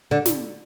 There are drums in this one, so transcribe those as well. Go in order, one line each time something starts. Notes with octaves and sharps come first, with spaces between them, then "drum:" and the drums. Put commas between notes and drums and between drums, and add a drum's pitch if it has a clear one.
D3
drum: snare